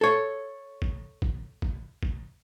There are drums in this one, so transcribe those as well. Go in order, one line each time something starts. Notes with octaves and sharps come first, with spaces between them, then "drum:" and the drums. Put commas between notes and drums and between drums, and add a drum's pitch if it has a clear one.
A4 C#5
drum: kick
drum: kick
drum: kick
drum: kick